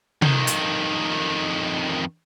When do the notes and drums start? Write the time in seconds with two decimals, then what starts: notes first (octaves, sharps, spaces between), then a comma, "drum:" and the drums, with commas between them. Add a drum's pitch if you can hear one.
0.22 F2 D#3, drum: tom C3
0.47 drum: hi-hat